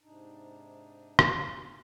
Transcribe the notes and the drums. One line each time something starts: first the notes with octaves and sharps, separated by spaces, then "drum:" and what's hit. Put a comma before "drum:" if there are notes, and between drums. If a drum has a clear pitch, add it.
G#2 C3 D4 D#4
drum: rim click